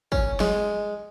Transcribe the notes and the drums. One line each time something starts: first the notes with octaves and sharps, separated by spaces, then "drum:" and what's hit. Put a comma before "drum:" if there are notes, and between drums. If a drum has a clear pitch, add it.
C#4, drum: kick
G#3, drum: snare